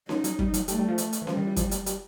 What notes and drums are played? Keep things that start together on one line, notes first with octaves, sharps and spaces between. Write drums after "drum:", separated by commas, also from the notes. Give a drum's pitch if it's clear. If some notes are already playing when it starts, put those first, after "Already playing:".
F#3 D#4, drum: snare C#4
F#3, drum: hi-hat
G3, drum: kick
F#3, drum: hi-hat
G3 A3, drum: hi-hat
G3
F3
drum: hi-hat
drum: hi-hat
E3
F3 G3, drum: snare C#4
D#3
E3
F3, drum: kick, hi-hat
G3, drum: hi-hat
G3, drum: hi-hat